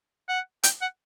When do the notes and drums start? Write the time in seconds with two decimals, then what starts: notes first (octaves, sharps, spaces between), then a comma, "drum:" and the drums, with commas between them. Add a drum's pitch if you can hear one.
0.29 F#5
0.63 G5, drum: hi-hat
0.81 F#5